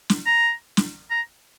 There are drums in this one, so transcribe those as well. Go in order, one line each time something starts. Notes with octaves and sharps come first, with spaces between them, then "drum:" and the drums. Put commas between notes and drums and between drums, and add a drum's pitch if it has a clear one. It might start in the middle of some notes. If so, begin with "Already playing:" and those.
drum: snare
A#5
drum: snare
A#5